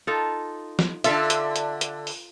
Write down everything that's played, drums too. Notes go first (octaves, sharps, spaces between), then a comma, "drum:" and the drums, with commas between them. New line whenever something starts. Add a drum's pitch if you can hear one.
D#4 F4 A4
drum: snare
D3 F4 A4 E5 F5, drum: hi-hat
drum: hi-hat
drum: hi-hat
drum: hi-hat
drum: open hi-hat